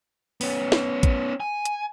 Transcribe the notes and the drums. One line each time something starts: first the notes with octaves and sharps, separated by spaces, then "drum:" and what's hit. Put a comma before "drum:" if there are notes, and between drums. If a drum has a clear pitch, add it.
B3 C#4, drum: open hi-hat
drum: snare
drum: kick A1, hi-hat
G#5
drum: hi-hat